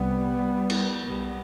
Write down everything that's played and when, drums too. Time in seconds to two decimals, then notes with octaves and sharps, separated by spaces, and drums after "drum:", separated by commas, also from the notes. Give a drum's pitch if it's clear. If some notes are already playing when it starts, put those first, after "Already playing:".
Already playing: C2 C3 G3 B3
0.70 drum: cymbal
1.05 B1 B2 G3 B3